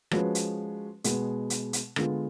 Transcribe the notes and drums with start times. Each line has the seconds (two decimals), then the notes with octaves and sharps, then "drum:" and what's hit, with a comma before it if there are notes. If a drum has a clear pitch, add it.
0.11 F3 G#3 C#4 F#4 B4, drum: rim click
0.35 drum: hi-hat
1.04 B2 G#3 B3, drum: hi-hat
1.50 drum: hi-hat
1.73 drum: hi-hat
1.96 D3 G#3 B3 F4, drum: rim click